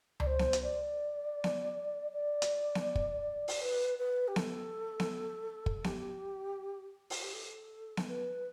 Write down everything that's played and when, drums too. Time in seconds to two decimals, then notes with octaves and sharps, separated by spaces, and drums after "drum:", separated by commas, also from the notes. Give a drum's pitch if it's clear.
0.20 D5, drum: tom C#2
0.26 C5
0.39 drum: snare B3
0.53 drum: hi-hat
0.63 D5
1.44 drum: snare B3
2.12 D5
2.42 drum: hi-hat
2.75 drum: snare B3
2.95 drum: kick
3.48 drum: open hi-hat
3.61 B4
3.98 B4
4.27 G4
4.36 A4, drum: snare B3
5.00 drum: snare B3
5.66 drum: kick
5.84 G4, drum: snare B3
7.10 F4, drum: open hi-hat
7.22 G4
7.33 A4
7.97 drum: snare B3
8.07 B4